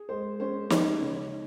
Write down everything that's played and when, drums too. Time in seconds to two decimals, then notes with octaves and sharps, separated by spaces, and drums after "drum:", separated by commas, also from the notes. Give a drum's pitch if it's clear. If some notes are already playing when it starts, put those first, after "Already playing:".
Already playing: G#4
0.09 G#3 C5
0.40 C#4 C5
0.70 D#4 C#5, drum: snare
1.01 C#3